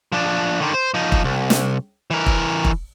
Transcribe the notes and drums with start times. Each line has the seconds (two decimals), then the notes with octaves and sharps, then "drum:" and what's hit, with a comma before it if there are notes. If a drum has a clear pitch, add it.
0.12 F3 D4
0.60 D3 D#3
0.74 C5
0.94 F3 D#4
1.12 drum: kick
1.24 C2
1.50 drum: snare
2.11 E3 A#4
2.26 drum: kick
2.65 drum: kick